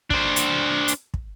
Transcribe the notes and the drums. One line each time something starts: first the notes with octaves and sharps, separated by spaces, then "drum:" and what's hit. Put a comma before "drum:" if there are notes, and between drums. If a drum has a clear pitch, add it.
D4 C5, drum: kick
drum: hi-hat
drum: hi-hat
drum: kick